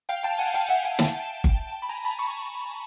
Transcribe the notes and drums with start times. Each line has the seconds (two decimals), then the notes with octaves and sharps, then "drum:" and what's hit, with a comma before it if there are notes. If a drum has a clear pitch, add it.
0.09 F5 G5
0.23 G5 A5
0.38 F#5 G#5
0.54 F5 G5
0.69 E5 F#5
0.84 F#5 G#5
0.99 G5 A5, drum: snare
1.44 drum: kick G1
1.82 B5
1.89 G#5 A#5
2.04 A5 B5
2.19 B5 C#6